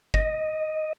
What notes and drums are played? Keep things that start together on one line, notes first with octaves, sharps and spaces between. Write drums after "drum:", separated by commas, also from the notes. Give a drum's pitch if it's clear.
D#5, drum: kick